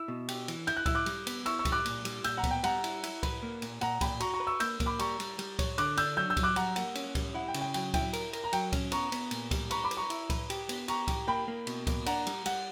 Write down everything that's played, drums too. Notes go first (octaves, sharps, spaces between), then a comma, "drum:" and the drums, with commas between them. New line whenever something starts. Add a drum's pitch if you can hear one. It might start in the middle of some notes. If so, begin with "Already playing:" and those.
Already playing: E4 E6
B2
G4, drum: cymbal
E3, drum: cymbal
E4 G6, drum: cymbal
F#6
E4 E6, drum: kick C#2, cymbal
D6 F#6
G3, drum: cymbal
B3, drum: cymbal
E4 C#6 E6, drum: cymbal
C#6 E6
G3, drum: kick C#2, cymbal
D6 F#6
A#2, drum: cymbal
G3, drum: cymbal
A#2 E6 G6, drum: cymbal
F#5 A#5
B3, drum: kick C#2, cymbal
G5
G3 F#5 A#5, drum: cymbal
E4, drum: cymbal
E4, drum: cymbal
B4, drum: kick C#2, cymbal
A#3
A#2, drum: cymbal
A#2 F#5 A#5, drum: cymbal
A#2 G5 B5, drum: kick C#2, cymbal
F#4 A#5 C#6, drum: cymbal
A#5 C#6
B4
C#6 E6
A#3 E6 G6, drum: cymbal
A#3, drum: kick C#2, cymbal
B5 D6
G3 A#5 C#6, drum: cymbal
G3, drum: cymbal
G3, drum: cymbal
C#5, drum: kick C#2, cymbal
D3 D6 F#6, drum: cymbal
D4 E6 G6, drum: cymbal
F#3 E6 G6
E6 G6
F#3, drum: kick C#2, cymbal
D6 F#6
G3 F#5 A#5, drum: cymbal
A#3 F#5, drum: cymbal
C#4, drum: cymbal
G3, drum: kick C#2, cymbal
E4 F#5
G5
C#3, drum: cymbal
G5
F#3 G5, drum: cymbal
E4 G5, drum: kick C#2, cymbal
A#4, drum: cymbal
A#4, drum: cymbal
A#5
F#3 G5, drum: cymbal
C#4, drum: kick C#2, cymbal
B3 A#5 C#6, drum: cymbal
B3, drum: cymbal
A#2, drum: cymbal
G3, drum: kick C#2, cymbal
B4 A#5 C#6, drum: cymbal
B5 D6
B4, drum: cymbal
A#5 C#6
E4, drum: cymbal
B4, drum: kick C#2, cymbal
G4, drum: cymbal
B3, drum: cymbal
G4 A#5 C#6, drum: cymbal
G4, drum: kick C#2, cymbal
A#3 G5 B5
A#3
B2, drum: cymbal
A#3, drum: kick C#2, cymbal
D4 F#5 A#5, drum: cymbal
G3, drum: cymbal
G3 F#5, drum: cymbal